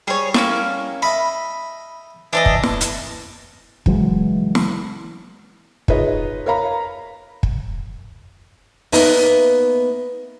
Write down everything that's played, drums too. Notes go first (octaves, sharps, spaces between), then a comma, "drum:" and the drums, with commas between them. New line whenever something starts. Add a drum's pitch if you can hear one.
G3 G#4 C#5
A3 A#3 C#4, drum: snare
D#5 E5 A5 B5
E3 D4 C#5 D#5
drum: kick
drum: snare
drum: hi-hat
C#3 E3 F#3 G#3, drum: kick
drum: snare
D#4 F4 G#4 B4 C#5 D#5, drum: kick
A#4 C#5 F5 A#5 B5
drum: kick
A#3 B3 D#4 B4 E5, drum: open hi-hat